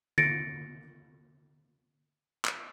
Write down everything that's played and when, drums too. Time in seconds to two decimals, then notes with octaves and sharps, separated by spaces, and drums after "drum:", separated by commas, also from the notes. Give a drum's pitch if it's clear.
0.18 A6 A#6 C#7 D7, drum: tom D3
2.45 drum: clap